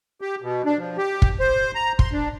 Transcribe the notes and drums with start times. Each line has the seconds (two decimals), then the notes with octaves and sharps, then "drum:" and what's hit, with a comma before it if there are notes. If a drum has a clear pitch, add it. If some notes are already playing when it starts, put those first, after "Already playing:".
0.21 G4
0.42 B2
0.66 D4
0.78 F3
0.98 G4
1.22 drum: kick
1.40 C5
1.75 A#5
1.99 C6, drum: kick
2.13 D4